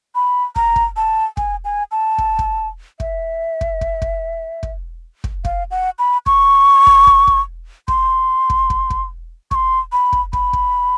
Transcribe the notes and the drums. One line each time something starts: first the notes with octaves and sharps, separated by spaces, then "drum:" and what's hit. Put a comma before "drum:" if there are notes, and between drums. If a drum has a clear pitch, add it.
B5
A#5, drum: kick
drum: kick
A5
G#5, drum: kick
G#5
A5
drum: kick
drum: kick
E5, drum: kick
drum: kick
drum: kick
drum: kick
drum: kick
drum: kick
F5, drum: kick
F#5
B5
C#6, drum: kick
drum: kick
drum: kick
drum: kick
C6, drum: kick
drum: kick
drum: kick
drum: kick
C#6, drum: kick
C6
B5
drum: kick
B5, drum: kick
drum: kick